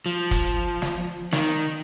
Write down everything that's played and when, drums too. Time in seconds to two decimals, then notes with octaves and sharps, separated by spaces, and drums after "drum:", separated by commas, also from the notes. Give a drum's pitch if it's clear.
0.06 F3
0.31 drum: kick, hi-hat
0.82 drum: snare
1.33 D#3, drum: snare